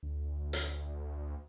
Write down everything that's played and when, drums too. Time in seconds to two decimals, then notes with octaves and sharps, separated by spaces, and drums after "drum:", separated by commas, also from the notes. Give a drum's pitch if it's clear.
0.03 D2
0.53 drum: hi-hat